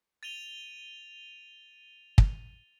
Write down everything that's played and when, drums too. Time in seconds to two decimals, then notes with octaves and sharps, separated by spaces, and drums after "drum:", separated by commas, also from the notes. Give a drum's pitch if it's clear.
0.23 A6 D#7 F7 G7
2.18 drum: kick